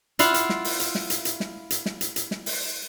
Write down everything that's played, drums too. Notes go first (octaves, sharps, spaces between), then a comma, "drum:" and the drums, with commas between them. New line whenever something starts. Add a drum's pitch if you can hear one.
E4 F4 F5 F#5, drum: hi-hat
drum: hi-hat
drum: snare
drum: open hi-hat
drum: hi-hat
drum: snare
drum: hi-hat
drum: hi-hat
drum: snare
drum: hi-hat
drum: snare
drum: hi-hat
drum: hi-hat
drum: snare
drum: open hi-hat